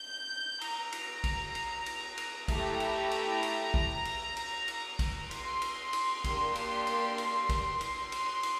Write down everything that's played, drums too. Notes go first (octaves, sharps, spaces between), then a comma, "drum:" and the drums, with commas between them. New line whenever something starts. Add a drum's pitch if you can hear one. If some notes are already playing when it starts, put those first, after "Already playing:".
Already playing: G6
A#5, drum: cymbal
drum: cymbal
drum: kick, cymbal
drum: cymbal
drum: cymbal
drum: cymbal
A3 E4 G4 A#5, drum: kick, cymbal
drum: cymbal
drum: cymbal
drum: cymbal
drum: kick
drum: cymbal
drum: cymbal
drum: cymbal
drum: kick, cymbal
C6, drum: cymbal
drum: cymbal
drum: cymbal
A#3 D4 G4, drum: kick, cymbal
drum: cymbal
drum: cymbal
drum: cymbal
drum: kick, cymbal
drum: cymbal
C6, drum: cymbal
drum: cymbal